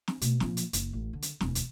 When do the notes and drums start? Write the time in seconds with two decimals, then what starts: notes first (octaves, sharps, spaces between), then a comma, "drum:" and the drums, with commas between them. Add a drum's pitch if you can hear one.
0.08 drum: snare
0.21 B2 A3, drum: hi-hat
0.40 A#2 F3, drum: snare
0.57 drum: hi-hat
0.73 F#1, drum: hi-hat
0.93 A1
1.13 D3
1.22 drum: hi-hat
1.41 E1 D2, drum: snare
1.55 drum: hi-hat